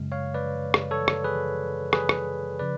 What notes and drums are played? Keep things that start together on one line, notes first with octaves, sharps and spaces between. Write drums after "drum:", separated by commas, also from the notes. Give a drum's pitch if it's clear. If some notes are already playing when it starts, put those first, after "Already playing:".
Already playing: F#2 C#3 G#3
C#5 F5
B4 D5
drum: rim click
A4 C#5
drum: rim click
G#4 B4
G#4 B4, drum: rim click
drum: rim click
C#3 F3 B4 D5